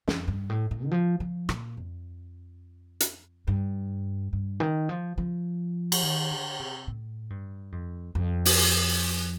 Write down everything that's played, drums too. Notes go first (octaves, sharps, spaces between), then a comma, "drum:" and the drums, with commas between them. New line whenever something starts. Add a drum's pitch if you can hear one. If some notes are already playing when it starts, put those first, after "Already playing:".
F2, drum: snare
G2
A2
A2
D#3
F3
F3
A#2, drum: rim click
F2
drum: hi-hat
G2
G2
D#3
F3
F3
drum: cymbal
D#3
D3
C3
A2
G2
F2
F2
drum: open hi-hat